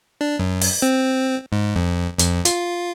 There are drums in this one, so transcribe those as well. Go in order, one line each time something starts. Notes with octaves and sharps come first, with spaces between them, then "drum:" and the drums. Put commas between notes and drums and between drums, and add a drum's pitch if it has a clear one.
D4
F#2
drum: open hi-hat
C4
G#2
F2
F2, drum: hi-hat
F4, drum: hi-hat